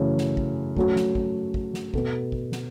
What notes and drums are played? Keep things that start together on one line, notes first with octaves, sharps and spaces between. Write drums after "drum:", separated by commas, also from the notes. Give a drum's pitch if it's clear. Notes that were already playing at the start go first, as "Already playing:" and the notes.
Already playing: F#2 C#3 E3 A3 C#4
drum: snare
drum: kick
F#3 A3 C#4 F#4, drum: kick
drum: snare
drum: kick
drum: kick
drum: snare
B2 B3 A4, drum: kick
drum: kick
drum: snare